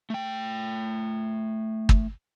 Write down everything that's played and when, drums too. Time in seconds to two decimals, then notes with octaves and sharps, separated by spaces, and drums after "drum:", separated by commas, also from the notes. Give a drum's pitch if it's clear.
0.10 A3 G5
1.89 drum: kick